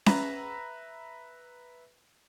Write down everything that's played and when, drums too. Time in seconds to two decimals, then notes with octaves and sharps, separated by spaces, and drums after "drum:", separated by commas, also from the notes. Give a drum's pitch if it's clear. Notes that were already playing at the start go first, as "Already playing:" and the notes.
0.06 B4 E5 A#5 B5, drum: snare C#4